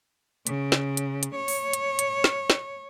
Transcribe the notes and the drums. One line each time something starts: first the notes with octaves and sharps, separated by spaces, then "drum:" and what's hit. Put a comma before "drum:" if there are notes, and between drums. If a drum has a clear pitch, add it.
C#3, drum: hi-hat
drum: snare
drum: hi-hat
drum: hi-hat
C#5
drum: open hi-hat
drum: hi-hat
drum: hi-hat
drum: snare
drum: snare